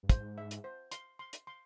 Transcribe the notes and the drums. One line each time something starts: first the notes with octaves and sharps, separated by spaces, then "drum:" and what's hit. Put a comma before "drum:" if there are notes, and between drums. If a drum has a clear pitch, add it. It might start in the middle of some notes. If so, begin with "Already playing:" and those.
G2
G#2 C5, drum: kick, hi-hat
E5
drum: hi-hat
C5
C6, drum: hi-hat
C6
drum: hi-hat
C6